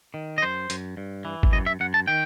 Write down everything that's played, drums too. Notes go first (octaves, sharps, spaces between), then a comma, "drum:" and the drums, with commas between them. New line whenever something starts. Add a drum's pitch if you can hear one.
D#3
D#5
F#2 C5
F#2, drum: hi-hat
G2
E3
drum: kick
F#2 D#5
E5
F#2 F#5
A5
D#3 G5